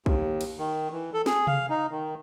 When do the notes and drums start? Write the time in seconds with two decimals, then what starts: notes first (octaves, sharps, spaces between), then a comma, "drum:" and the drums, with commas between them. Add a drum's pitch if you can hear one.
0.06 D#2, drum: kick
0.41 drum: cymbal
0.58 D#3
0.92 E3
1.13 A4
1.26 G#4, drum: snare
1.47 F5, drum: tom C3
1.70 D#4
1.91 D#3